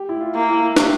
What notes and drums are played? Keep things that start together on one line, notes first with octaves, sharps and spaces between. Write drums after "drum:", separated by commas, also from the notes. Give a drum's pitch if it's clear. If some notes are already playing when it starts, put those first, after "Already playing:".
Already playing: G4
E4
F4
A#3
E4
G4, drum: snare